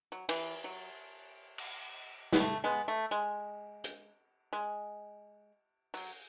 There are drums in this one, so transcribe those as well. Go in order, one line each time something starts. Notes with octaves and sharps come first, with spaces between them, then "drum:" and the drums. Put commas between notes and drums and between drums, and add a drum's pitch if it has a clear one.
F#3
E3, drum: cymbal
F#3
drum: cymbal
B3, drum: snare
A3
G#3 B3
A3
G#3
drum: hi-hat
G#3
F#3, drum: open hi-hat